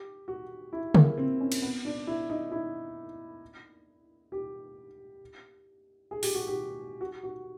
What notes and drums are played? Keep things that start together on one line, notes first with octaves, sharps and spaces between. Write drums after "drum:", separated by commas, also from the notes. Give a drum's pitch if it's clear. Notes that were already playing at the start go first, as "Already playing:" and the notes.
Already playing: G4
F#4
E4
A#3, drum: tom C#3
C4
C#4
drum: cymbal
B3
D4
E4
D#4
E4
G4
G#4
G4, drum: open hi-hat
F#4
G4
F#4
F#4